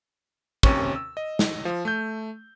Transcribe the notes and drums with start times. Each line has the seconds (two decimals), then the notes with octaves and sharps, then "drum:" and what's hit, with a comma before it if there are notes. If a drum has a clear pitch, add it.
0.63 D#2 C3 C#4 C#6, drum: kick
0.96 E6
1.17 D#5
1.39 drum: snare
1.65 F3
1.85 A3 G6